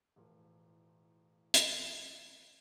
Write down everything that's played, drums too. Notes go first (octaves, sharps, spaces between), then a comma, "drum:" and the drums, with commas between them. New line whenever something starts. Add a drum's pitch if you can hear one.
E1 A2 F3 F4 A#4
drum: hi-hat